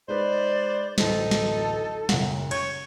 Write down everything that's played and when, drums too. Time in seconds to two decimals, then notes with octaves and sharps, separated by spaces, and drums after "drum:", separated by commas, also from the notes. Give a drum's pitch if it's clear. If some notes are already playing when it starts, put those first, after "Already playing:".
0.08 G#3 D#4 B4 C5 D5
0.98 D1 A1 D#4 A4 C5, drum: snare
1.31 drum: snare
2.09 F#1 F#2 F#5, drum: snare
2.51 C#5 C#6 G6 G#6, drum: cymbal